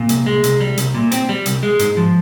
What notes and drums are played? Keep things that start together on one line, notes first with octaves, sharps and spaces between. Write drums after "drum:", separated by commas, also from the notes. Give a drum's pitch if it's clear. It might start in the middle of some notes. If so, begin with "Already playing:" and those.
Already playing: A#2
C2, drum: hi-hat
G#3
C2, drum: hi-hat
G3
C2, drum: hi-hat
A#2
C4, drum: hi-hat
G3
C2, drum: hi-hat
G#3
G#2, drum: hi-hat
F3